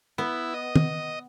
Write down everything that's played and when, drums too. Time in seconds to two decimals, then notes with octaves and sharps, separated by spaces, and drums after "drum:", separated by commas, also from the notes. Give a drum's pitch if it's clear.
0.18 B3 E4
0.54 D#5
0.76 drum: tom